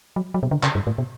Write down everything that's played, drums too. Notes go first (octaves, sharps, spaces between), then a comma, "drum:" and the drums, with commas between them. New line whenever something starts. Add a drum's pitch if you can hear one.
F#3
F#3
B2
D3
C#3, drum: clap
G2
A2
B2